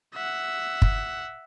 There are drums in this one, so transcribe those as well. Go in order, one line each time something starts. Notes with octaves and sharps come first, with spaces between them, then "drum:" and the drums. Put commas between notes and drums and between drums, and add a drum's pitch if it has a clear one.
E5 F#5
drum: kick F#1